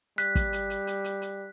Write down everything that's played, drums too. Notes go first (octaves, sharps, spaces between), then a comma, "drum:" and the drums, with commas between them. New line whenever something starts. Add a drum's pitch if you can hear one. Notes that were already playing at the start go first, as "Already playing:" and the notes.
G3 F#6 B6, drum: hi-hat
drum: kick, hi-hat
drum: hi-hat
drum: hi-hat
drum: hi-hat
drum: hi-hat
drum: hi-hat